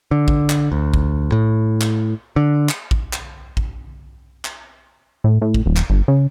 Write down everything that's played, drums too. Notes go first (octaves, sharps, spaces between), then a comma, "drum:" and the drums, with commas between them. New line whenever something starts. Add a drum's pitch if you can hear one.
D3
drum: kick
drum: clap
D2
drum: kick
A2
drum: clap
D3
drum: clap
drum: kick
drum: clap
drum: kick
drum: clap
A2
A2
drum: kick
D#1
drum: clap
G1
C#3